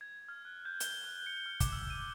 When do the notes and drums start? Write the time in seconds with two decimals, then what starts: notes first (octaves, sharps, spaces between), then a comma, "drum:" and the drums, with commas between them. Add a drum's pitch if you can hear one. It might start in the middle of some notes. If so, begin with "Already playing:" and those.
0.01 G#6
0.28 F6
0.45 F#6
0.65 G6
0.80 G7, drum: hi-hat
1.04 F#6
1.26 C#7
1.46 F6
1.60 D6, drum: kick, hi-hat
1.73 E6
1.90 D#7